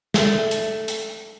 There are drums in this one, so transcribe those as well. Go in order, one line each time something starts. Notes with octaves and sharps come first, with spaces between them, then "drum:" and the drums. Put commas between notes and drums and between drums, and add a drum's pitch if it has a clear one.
A3, drum: snare
drum: hi-hat
drum: hi-hat